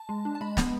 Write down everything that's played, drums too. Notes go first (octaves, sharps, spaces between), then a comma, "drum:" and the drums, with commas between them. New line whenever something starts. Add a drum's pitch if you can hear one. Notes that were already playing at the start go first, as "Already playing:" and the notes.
Already playing: A5
G#3
D4
A5
G#3 B5
B3 B5, drum: snare